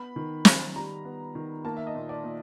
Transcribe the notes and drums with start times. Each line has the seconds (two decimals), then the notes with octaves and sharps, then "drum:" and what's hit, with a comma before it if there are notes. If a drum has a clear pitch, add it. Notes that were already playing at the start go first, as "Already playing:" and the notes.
Already playing: B3 B5
0.16 D#3
0.45 D#3, drum: snare
0.76 G3 A#5
1.05 B3
1.35 D#3
1.65 A#3 A5
1.77 E5
1.87 D#5
1.95 A#2
2.09 D5
2.24 A#2